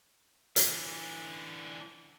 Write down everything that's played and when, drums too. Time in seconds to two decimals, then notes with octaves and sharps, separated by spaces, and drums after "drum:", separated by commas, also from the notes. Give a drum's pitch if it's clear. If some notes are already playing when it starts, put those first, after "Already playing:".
0.56 D3 E3, drum: hi-hat